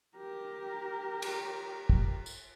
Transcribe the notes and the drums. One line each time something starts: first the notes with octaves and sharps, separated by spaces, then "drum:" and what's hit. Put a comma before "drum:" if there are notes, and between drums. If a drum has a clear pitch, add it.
G4 A#4
drum: cymbal
drum: kick
drum: tambourine